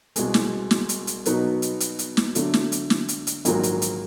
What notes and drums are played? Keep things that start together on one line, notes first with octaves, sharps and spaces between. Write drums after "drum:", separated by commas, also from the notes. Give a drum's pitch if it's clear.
C2 B2 G#3, drum: hi-hat
drum: snare
drum: snare
drum: hi-hat
drum: hi-hat
B2 F#3 B3 D#4, drum: hi-hat
drum: hi-hat
drum: hi-hat
drum: hi-hat
drum: snare
D3 F#3 A3, drum: hi-hat
drum: snare
drum: hi-hat
drum: snare
drum: hi-hat
drum: hi-hat
A#1 G#2 D#3 F#3 A#3, drum: hi-hat
drum: hi-hat
drum: hi-hat